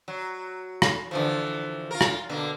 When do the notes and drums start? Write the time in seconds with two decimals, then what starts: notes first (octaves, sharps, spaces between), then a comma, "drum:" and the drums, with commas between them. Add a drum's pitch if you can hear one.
0.08 F#3
0.82 drum: rim click
1.11 D3 E3 F3
1.91 F4 A#4
2.01 drum: rim click
2.29 B2 D3 A#3